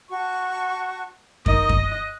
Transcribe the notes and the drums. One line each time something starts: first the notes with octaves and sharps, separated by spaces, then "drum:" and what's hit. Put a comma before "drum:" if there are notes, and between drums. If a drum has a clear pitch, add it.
F#4 A5 C#6
D#4 A#4 D#5 D#6, drum: kick F#2
drum: kick F#2
F#6